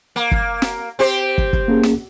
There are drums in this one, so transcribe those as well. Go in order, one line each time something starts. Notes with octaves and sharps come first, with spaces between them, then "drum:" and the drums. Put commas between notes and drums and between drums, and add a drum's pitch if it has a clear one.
A#3
drum: kick
drum: snare
C4 G4 C5
drum: kick
drum: kick
A#3 C#4 G#4
drum: snare